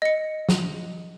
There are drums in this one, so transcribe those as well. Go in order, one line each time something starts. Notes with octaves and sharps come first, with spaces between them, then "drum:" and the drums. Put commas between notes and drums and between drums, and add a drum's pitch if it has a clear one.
D#5 C#7
drum: snare